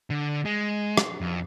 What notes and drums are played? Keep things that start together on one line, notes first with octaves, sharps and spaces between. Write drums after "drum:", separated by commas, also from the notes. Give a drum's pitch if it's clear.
D3
G#3
drum: rim click
F2